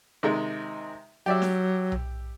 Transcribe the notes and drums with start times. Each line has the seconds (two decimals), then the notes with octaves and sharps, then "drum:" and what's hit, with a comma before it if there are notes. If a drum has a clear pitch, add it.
0.23 C3 D#3 G#3
1.26 F#3 G4 D5 E5
1.42 drum: snare
1.92 drum: tom B1